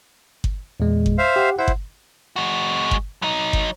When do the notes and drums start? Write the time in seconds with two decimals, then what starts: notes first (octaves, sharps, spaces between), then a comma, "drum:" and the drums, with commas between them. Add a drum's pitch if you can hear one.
0.44 drum: kick G1
0.80 E2 A#2 G#3
1.06 drum: kick G1
1.18 C5 E5 F5
1.36 G4 F#5
1.59 E4 C5 F#5
1.68 drum: kick G1
2.36 G#3 F#4
2.91 drum: kick G1
3.22 F#3 D#4
3.53 drum: kick G1